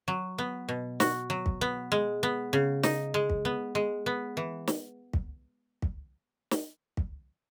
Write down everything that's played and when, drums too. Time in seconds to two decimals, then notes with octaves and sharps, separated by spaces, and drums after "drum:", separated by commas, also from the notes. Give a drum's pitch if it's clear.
0.08 F#3
0.38 B3
0.69 B2
1.00 F#4, drum: snare
1.30 F#3
1.46 drum: kick
1.61 B3
1.92 G#3
2.23 B3
2.53 C#3
2.83 D#4, drum: snare
3.14 G#3
3.30 drum: kick
3.45 B3
3.75 G#3
4.06 B3
4.37 E3
4.67 drum: snare
5.13 drum: kick
5.82 drum: kick
6.51 drum: snare
6.97 drum: kick